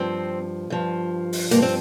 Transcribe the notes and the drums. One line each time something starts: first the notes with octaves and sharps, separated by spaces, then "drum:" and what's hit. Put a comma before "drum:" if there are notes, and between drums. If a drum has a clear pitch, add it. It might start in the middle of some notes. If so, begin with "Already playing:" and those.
Already playing: G2 F3 C4
G2 F3
drum: open hi-hat
G2 F3 A#3, drum: hi-hat
C4